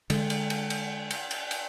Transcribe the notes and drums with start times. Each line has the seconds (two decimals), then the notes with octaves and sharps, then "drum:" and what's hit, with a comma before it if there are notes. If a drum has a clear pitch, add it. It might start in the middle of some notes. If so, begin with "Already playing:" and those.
0.10 D3 G#3, drum: cymbal
0.30 drum: cymbal
0.50 drum: cymbal
0.70 drum: cymbal
1.11 drum: cymbal
1.31 drum: cymbal
1.51 drum: cymbal